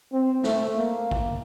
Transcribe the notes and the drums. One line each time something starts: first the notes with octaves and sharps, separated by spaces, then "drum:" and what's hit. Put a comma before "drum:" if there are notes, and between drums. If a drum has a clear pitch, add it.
C4
A3, drum: snare
A#3
drum: kick